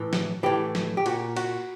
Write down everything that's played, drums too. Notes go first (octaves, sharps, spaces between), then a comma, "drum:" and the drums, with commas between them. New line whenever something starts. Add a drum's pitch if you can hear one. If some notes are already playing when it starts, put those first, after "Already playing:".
Already playing: A2 E3
drum: snare
A2 E3 G4
drum: snare
G4
A#2 F#4, drum: cymbal
F#4, drum: cymbal